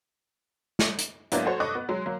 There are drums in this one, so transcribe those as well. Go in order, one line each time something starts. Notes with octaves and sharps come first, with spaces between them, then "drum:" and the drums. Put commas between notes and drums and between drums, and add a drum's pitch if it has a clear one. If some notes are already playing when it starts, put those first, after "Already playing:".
drum: snare
drum: hi-hat
G#2 F#3 A#3 B3 D4 E4, drum: hi-hat
F#4 A4 C5 C#5
G2 A4 D#5 C#6 D6 F#6
B3
F#3 G#3
F#3 A#3